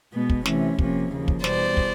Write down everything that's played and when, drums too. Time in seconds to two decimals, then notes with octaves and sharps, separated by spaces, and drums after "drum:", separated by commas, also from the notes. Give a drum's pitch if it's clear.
0.13 B2 G#3 B3
0.30 drum: kick
0.46 C3 E3 A3 C#4, drum: snare
0.79 C3 F3 A#3 C#4, drum: kick
1.12 D#2 C#3 F3 A#3
1.28 drum: kick
1.44 E2 B2 G3 B3 C5 D5, drum: snare
1.77 drum: kick